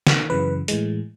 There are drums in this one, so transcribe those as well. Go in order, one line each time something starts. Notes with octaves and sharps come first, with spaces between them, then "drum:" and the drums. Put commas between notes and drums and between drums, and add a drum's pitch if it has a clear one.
drum: snare
F#2 C#3 E3 B4
A2 E3 G#3, drum: hi-hat